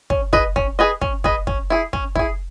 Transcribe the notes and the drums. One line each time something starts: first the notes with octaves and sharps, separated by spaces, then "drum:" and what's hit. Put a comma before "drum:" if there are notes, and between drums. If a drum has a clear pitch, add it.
C#4, drum: kick
G#4 B4 D#5, drum: kick
C#4, drum: kick
G#4 B4 D#5
C#4, drum: kick
G#4 B4 D#5, drum: kick
C#4, drum: kick
E4 G#4
C#4, drum: kick
E4 G#4, drum: kick